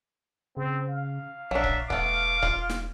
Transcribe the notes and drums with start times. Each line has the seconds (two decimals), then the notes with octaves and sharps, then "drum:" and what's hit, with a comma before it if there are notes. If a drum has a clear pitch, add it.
0.57 C#3 C4
0.89 F5
1.51 A#1 F#3 D4 E5
1.64 drum: kick C#1
1.90 E1 A3 B3 D6, drum: kick C#1
2.43 F4, drum: kick C#1
2.70 drum: snare